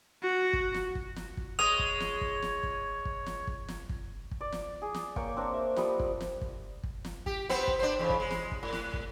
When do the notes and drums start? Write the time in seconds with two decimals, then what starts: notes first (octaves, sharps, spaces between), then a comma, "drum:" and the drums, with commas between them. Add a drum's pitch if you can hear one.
0.23 F#4
0.53 drum: kick
0.74 drum: snare
0.95 drum: kick
1.16 drum: snare
1.37 drum: kick
1.59 G#3 C#5 D#6 F7
1.79 drum: kick
2.00 drum: snare
2.21 drum: kick
2.42 drum: snare
2.63 drum: kick
3.05 drum: kick
3.26 drum: snare
3.47 drum: kick
3.68 drum: snare
3.89 drum: kick
4.31 drum: kick
4.41 D5
4.52 drum: snare
4.82 G#4
4.94 drum: snare
5.16 A#3 C#5 G5 D6, drum: kick
5.36 C4 D4 A#4
5.54 E5
5.76 F3 G3 D#5 B5, drum: snare
6.00 drum: kick
6.21 drum: snare
6.42 drum: kick
6.84 drum: kick
7.05 drum: snare
7.26 G4, drum: kick
7.49 B3 C4 C5, drum: snare
7.68 drum: kick
7.79 D4 C5
7.99 E2 C#3
8.10 drum: kick
8.20 G#3
8.31 drum: snare
8.52 drum: kick
8.63 A2
8.73 drum: snare
8.94 drum: kick